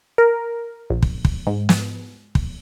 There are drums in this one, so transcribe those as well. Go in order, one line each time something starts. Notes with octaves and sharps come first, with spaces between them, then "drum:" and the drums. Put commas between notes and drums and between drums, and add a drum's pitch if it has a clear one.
A#4
A#1
drum: kick
drum: kick
G#2
drum: snare
drum: kick